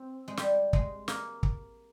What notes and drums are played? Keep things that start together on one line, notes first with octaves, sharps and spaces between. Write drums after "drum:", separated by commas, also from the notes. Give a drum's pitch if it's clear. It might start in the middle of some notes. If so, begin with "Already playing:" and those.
Already playing: C4
G#3
G3, drum: snare
G#3, drum: kick
A#3, drum: snare
drum: kick